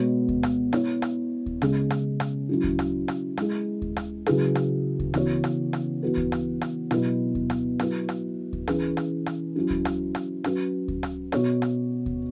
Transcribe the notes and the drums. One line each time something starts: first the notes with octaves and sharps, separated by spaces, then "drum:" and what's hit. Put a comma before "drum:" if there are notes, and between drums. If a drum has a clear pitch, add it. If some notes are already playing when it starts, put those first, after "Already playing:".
Already playing: B2 G#3 B3 F#4 C#5
drum: kick D2
drum: rim click
B3 E4 C#5, drum: rim click
drum: rim click
drum: kick D2
C#3 G#3 C#4 G#4, drum: rim click
drum: rim click
drum: rim click
F#3 C#4 E4
drum: kick D2
drum: rim click
drum: rim click
G#3 E4 G#4, drum: rim click
drum: kick D2
drum: rim click
C#3 F#3 E4 G#4 B4, drum: rim click
drum: rim click
drum: kick D2
C#3 E3 B3 F#4 C#5, drum: rim click
drum: rim click
drum: rim click
E3 B3 F#4 B4
drum: kick D2
drum: rim click
drum: rim click
B2 F#3 E4 B4, drum: rim click
drum: kick D2
drum: rim click
F#3 E4 B4, drum: rim click
drum: rim click
drum: kick D2
E3 C#4 G#4 B4, drum: rim click
drum: rim click
drum: rim click
F#3 C#4 E4
drum: kick D2
drum: rim click
drum: rim click
F#3 C#4 F#4 B4, drum: rim click
drum: kick D2
drum: rim click
B2 B3 F#4 C#5, drum: rim click
drum: rim click
drum: kick D2